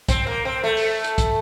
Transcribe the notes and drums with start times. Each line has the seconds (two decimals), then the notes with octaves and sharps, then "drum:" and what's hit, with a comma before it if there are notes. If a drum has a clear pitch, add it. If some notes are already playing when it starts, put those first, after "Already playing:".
0.09 C4, drum: kick, hi-hat
0.27 A#3
0.45 C4
0.64 A3
0.77 drum: open hi-hat
1.04 drum: hi-hat
1.18 drum: kick, hi-hat